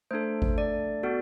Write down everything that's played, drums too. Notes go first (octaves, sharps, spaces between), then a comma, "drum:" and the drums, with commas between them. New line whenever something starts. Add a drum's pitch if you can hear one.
A3 D4 A4 C5
drum: kick G#1
D5
B3 F#4 A4